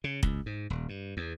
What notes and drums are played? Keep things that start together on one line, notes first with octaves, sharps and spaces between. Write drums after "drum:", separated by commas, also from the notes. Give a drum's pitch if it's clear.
C#3
C#2, drum: kick
G#2
D#1
G2
E2